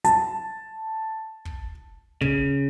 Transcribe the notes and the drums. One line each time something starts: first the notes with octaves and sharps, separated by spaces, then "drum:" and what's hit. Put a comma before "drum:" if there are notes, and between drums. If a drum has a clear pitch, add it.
A5, drum: hi-hat
drum: kick
C#3, drum: kick